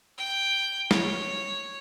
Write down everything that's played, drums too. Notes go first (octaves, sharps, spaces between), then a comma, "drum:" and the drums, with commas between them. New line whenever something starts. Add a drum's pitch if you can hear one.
G5
C#5, drum: snare